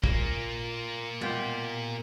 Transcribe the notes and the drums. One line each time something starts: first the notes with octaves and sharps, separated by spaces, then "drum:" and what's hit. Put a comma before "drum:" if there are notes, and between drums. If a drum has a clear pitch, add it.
A#2 A#3, drum: kick
B2 F4 G4, drum: tom